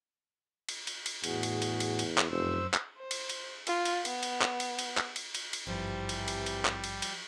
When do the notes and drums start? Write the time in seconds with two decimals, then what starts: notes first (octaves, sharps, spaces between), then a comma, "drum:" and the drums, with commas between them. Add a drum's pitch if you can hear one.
0.69 drum: cymbal
0.87 drum: cymbal
1.06 drum: cymbal
1.24 E2 A2 F#4 G#4, drum: cymbal
1.43 drum: cymbal
1.62 drum: cymbal
1.80 drum: cymbal
1.99 drum: cymbal
2.18 drum: clap
2.30 F1 F#2 C5 E6
2.74 drum: clap
2.97 C5
3.11 drum: cymbal
3.29 drum: cymbal
3.67 F4, drum: cymbal
3.85 drum: cymbal
4.05 B3, drum: cymbal
4.23 drum: cymbal
4.41 drum: clap
4.60 drum: cymbal
4.79 drum: cymbal
4.97 drum: clap
5.16 drum: cymbal
5.35 drum: cymbal
5.53 drum: cymbal
5.67 G#1 G2 C3 E3 F3 G3
6.09 drum: cymbal
6.28 drum: cymbal
6.46 drum: cymbal
6.65 drum: clap
6.84 drum: cymbal
7.02 drum: cymbal